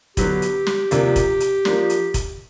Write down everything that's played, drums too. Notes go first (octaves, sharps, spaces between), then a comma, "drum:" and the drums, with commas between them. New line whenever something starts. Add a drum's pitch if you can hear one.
D3 F#3 B3 G4, drum: kick F1, hi-hat
drum: hi-hat
drum: snare
C3 F3 A#3 D4, drum: hi-hat
drum: kick F1, hi-hat
drum: hi-hat
F3 A#3 D4, drum: snare
drum: hi-hat
drum: kick F1, hi-hat